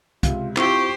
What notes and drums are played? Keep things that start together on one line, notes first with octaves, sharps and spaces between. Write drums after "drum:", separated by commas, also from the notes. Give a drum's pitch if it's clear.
C#2 C3 F4, drum: kick, hi-hat
C4 E4 F4 G4 C5 C#6, drum: clap